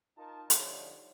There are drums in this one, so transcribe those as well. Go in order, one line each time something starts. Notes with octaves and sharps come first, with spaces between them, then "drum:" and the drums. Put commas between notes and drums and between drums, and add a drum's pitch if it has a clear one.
D#4 F4 A#4 A5
D3 F3 G3 D#4 E4 C#5, drum: hi-hat